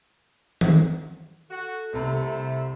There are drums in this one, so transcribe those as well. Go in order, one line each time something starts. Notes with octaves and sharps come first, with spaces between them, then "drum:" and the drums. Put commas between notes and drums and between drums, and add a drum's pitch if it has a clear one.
drum: tom D#3
F#4 A4
C2 C3 A3 A#5